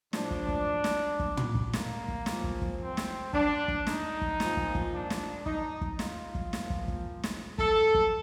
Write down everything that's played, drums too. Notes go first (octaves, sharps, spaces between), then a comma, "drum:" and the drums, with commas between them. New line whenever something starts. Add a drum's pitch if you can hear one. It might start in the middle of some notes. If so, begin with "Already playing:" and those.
A2 F3 D4, drum: snare
drum: kick
drum: kick
drum: snare
drum: kick
drum: tom
drum: kick
A#3, drum: snare
drum: kick
A#2 F3, drum: snare
drum: kick
drum: kick
C4
drum: snare
D4, drum: kick
drum: kick
D#4, drum: snare
drum: kick
A#2 F3, drum: snare
drum: kick
drum: kick
D4
drum: snare
D#4, drum: kick
drum: kick
F4, drum: snare
drum: kick
A#2 F3, drum: snare
drum: kick
drum: kick
drum: snare
A4, drum: kick
drum: kick